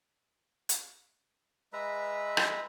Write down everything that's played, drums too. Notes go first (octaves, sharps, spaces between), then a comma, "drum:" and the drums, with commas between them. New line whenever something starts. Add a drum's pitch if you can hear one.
drum: hi-hat
G#3 B4 E5 A#5
drum: rim click